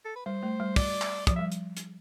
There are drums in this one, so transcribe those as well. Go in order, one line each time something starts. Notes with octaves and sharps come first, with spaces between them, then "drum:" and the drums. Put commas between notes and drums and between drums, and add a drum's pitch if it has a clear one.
A4
B4
G3 C5
A3
G3
D5, drum: kick, open hi-hat
drum: clap
F3 D5, drum: kick, hi-hat
G3 E5
drum: hi-hat
drum: hi-hat